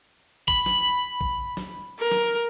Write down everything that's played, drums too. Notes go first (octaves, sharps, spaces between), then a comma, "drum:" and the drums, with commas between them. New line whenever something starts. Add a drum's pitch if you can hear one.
B5, drum: kick
drum: snare
drum: kick
drum: snare
A#4
drum: snare